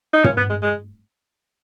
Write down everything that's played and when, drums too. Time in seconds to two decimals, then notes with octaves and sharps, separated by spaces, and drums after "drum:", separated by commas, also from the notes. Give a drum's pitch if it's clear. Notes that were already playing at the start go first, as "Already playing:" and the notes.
0.14 D#4
0.24 C#4, drum: tom
0.37 B3
0.50 G#3
0.62 G#3